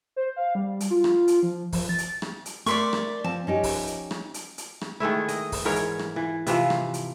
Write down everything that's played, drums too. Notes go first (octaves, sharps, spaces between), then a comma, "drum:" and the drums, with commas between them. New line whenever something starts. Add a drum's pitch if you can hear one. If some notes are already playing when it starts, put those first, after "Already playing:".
C5
F5
G3
drum: hi-hat
F4
drum: rim click
drum: hi-hat
F3
F3, drum: kick, open hi-hat
A6
drum: hi-hat
drum: rim click
drum: hi-hat
A3 A#4 D5 C6 C#6 B6, drum: hi-hat
drum: rim click
F3 C4 A5
C#4 D#4 G4
drum: kick, open hi-hat
drum: hi-hat
drum: rim click
drum: hi-hat
drum: hi-hat
drum: rim click
D#3 G#3 A3 E4
D#5, drum: hi-hat
drum: kick, open hi-hat
G#2 E3 A#4 C#5
drum: hi-hat
drum: rim click
E3
C3 E3 F3, drum: hi-hat
drum: rim click
drum: hi-hat